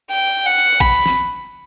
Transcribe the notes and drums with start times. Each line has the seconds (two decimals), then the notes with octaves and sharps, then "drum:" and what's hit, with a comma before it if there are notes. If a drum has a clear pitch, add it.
0.11 G5
0.46 F#5
0.80 B5, drum: kick A1
1.06 drum: snare